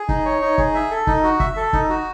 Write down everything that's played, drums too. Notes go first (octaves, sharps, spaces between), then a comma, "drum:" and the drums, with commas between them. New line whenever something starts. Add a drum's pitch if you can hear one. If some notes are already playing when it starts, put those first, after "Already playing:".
Already playing: G#4
D#4, drum: kick
C#5
D#4
G#4, drum: kick
E5
A4
D#4, drum: kick
F#4
E5, drum: kick
A4
D#4, drum: kick
F#4